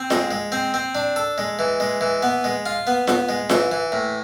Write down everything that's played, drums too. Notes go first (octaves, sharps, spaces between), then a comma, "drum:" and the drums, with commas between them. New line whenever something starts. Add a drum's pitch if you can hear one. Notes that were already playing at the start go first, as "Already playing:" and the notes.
Already playing: C4
G#3, drum: snare F4
G#3
C4
C4
D4
A4
G#3
E3
G#3
E3
B3
G#3
F4
B3
B3, drum: snare F4
G#3
E3, drum: snare F4
E3
A2